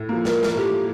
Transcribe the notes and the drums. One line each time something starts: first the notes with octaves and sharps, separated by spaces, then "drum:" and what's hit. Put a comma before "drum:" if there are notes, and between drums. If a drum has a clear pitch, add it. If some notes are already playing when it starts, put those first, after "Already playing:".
Already playing: A2
F3 A#3
A#4, drum: snare
drum: snare
A2 G4